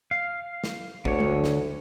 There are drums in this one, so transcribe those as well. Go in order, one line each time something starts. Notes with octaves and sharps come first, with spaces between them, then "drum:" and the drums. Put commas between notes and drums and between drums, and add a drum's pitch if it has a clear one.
F5
drum: snare
D2 D3 C#5, drum: kick
drum: tom G#3
drum: snare